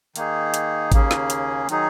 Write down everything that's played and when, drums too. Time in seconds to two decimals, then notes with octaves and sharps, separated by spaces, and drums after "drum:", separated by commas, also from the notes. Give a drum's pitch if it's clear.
0.16 D#3 A#3 D#4 G#4, drum: hi-hat
0.54 drum: hi-hat
0.92 D#2 C#3 A#3 C#4 G#4, drum: kick G#1, hi-hat
1.11 drum: snare
1.30 drum: hi-hat
1.69 D#3 F#3 D#4 G#4, drum: hi-hat